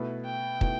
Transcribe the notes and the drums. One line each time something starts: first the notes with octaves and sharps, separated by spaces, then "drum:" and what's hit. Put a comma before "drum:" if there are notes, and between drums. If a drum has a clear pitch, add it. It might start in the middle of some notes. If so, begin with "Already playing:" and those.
Already playing: B2 A3 E4 B4
G5
B2 A3 E4 B4, drum: kick